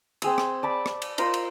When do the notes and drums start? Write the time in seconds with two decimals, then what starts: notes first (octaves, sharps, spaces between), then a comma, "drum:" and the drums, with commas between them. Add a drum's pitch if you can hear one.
0.22 C4 G#4 E6, drum: cymbal
0.38 drum: rim click
0.63 D5 A5 B5
0.86 drum: rim click
1.02 drum: cymbal
1.18 F4 A#4 C5 D#5, drum: cymbal
1.34 drum: cymbal